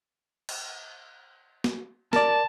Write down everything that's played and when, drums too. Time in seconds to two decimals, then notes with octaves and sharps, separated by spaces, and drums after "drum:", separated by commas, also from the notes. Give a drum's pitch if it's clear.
0.49 drum: cymbal
1.64 drum: snare
2.13 A#4 D5 A5, drum: snare